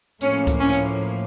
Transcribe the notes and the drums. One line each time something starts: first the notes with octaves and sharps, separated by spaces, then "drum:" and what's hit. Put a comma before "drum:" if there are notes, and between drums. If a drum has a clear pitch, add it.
A2 F3 A#3 C#4, drum: hi-hat
drum: kick C#2, hi-hat
C#4
drum: hi-hat